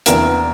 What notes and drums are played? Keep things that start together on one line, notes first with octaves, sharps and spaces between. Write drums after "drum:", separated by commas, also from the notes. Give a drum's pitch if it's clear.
E2 C3 E3 A#3 D4 A#4, drum: hi-hat